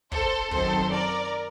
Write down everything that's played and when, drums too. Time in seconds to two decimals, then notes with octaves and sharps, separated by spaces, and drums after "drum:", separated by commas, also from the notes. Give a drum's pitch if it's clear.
0.12 A4 C5, drum: kick
0.51 F#2 D#3 F#3 C4 A4 C5, drum: kick
0.91 A#4 D5